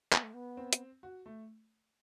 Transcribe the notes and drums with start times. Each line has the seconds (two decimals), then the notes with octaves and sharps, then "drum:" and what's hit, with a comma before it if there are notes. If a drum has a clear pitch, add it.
0.12 B3, drum: clap
0.23 A3
0.34 B3
0.57 C4
0.73 drum: hi-hat
1.03 F#4
1.26 A3